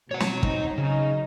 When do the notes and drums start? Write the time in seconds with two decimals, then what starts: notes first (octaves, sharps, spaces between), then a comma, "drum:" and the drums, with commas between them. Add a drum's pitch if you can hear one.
0.11 B2 C#5 F#5
0.20 drum: snare
0.43 C4 D#4, drum: kick
0.78 C#3 F#3 D#4